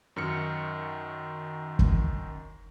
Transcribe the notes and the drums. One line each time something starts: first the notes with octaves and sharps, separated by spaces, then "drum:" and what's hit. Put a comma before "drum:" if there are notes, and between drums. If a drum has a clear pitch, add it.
F#2 D#3 F6 C#7
drum: kick